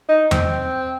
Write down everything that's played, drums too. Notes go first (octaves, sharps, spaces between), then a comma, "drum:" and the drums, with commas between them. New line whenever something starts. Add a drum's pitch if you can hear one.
D#4
C4, drum: tom E2